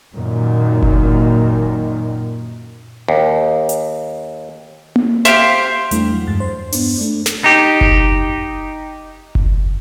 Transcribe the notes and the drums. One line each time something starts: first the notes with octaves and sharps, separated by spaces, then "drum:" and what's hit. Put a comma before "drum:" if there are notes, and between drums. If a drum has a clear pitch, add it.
F#2 A#2 D#3
drum: kick F#1
D#2
drum: hi-hat
drum: tom A#3
G4 C5 E5 F5, drum: snare
E2 G3 A3 D4 E4, drum: hi-hat
F#3
E2 G2 G#3 A6
C5
G2 B3 D4, drum: open hi-hat
A3 D4
drum: snare
D#4 G4
drum: kick F#1
drum: kick F#1